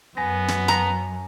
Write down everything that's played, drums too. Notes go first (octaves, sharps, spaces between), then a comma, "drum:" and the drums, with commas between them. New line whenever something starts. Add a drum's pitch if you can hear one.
F#2 B3 G#5 A#6
drum: snare
A#5, drum: snare